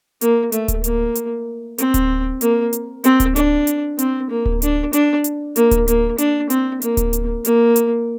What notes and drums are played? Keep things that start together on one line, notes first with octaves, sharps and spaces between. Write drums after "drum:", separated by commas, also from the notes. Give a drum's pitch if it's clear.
A#3, drum: hi-hat
A3, drum: hi-hat
drum: kick D1, hi-hat
A#3, drum: hi-hat
drum: hi-hat
C4, drum: hi-hat
drum: kick D1, hi-hat
A#3, drum: hi-hat
drum: hi-hat
C4, drum: hi-hat
drum: kick D1, hi-hat
D4, drum: hi-hat
drum: hi-hat
C4, drum: hi-hat
A#3
drum: kick D1
D4, drum: hi-hat
D4, drum: hi-hat
drum: hi-hat
A#3, drum: hi-hat
drum: kick D1, hi-hat
A#3, drum: hi-hat
D4, drum: hi-hat
C4, drum: hi-hat
A#3, drum: hi-hat
drum: kick D1, hi-hat
drum: hi-hat
A#3, drum: hi-hat
drum: hi-hat